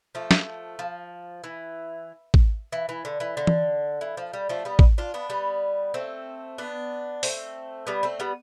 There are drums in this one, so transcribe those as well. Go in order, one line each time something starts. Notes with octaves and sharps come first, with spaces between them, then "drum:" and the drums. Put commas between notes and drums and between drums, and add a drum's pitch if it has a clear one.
F3 A3
drum: snare
F3
E3
drum: kick
E3
E3
D3
E3
D3
drum: tom E3
E3
F3
G3
F3 A3
G3 B3
drum: kick
D4 F4
B3 D4
G3 B3
A3 C4
B3 D4
A3 C4, drum: open hi-hat
G3 B3
A3 C4
G3 B3